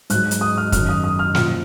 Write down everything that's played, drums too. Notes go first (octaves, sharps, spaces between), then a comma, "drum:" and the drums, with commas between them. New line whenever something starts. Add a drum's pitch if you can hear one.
G#2 F#3 F#6, drum: hi-hat
drum: hi-hat
D#6
F6
F#2 D#3 F#3 F6, drum: kick, hi-hat
D#6
D#6
F6
A#2 F3 F6, drum: snare